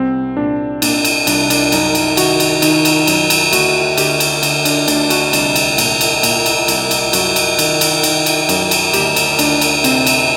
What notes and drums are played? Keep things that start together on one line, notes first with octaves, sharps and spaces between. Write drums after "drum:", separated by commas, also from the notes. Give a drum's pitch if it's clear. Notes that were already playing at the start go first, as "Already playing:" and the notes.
Already playing: C2 C4
A#2 D4
A#2 D4, drum: cymbal
drum: cymbal
C2 D4, drum: cymbal
D4, drum: cymbal
F#2 D#4, drum: cymbal
drum: cymbal
D#3 F#4, drum: cymbal
drum: cymbal
D#3 D#4, drum: cymbal
drum: cymbal
F#2, drum: cymbal
drum: cymbal
D2 F#4, drum: cymbal
D3 G4, drum: cymbal
drum: cymbal
D3, drum: cymbal
D4, drum: cymbal
D2 D4, drum: cymbal
F#4, drum: cymbal
C2 D4, drum: cymbal
drum: cymbal
A#2, drum: cymbal
drum: cymbal
A#2, drum: cymbal
drum: cymbal
C2, drum: cymbal
drum: cymbal
F#2 F#4, drum: cymbal
drum: cymbal
D#3, drum: cymbal
drum: cymbal
D#3, drum: cymbal
drum: cymbal
F#2, drum: cymbal
drum: cymbal
D2 G4, drum: cymbal
drum: cymbal
D2 D4, drum: cymbal
drum: cymbal
C3 C4, drum: cymbal
drum: cymbal